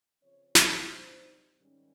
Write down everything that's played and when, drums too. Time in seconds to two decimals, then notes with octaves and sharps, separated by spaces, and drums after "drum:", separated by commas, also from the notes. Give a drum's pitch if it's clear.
0.21 C#3 F3 C4 C#5
0.55 drum: snare
0.89 C3 G3 C4 D#4 C5
1.59 G#2 D#3 G3 C#4